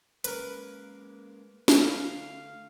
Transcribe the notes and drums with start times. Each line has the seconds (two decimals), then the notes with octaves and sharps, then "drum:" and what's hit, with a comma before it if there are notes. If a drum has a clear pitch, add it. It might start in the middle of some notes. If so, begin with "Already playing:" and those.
0.24 G#3 A#3 C#4 A#4 B4, drum: hi-hat
1.68 drum: snare
1.82 D3 A3 F5